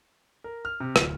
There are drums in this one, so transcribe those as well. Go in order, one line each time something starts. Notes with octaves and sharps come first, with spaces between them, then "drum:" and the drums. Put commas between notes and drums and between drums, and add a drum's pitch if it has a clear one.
A#4
F6
C3
D1, drum: rim click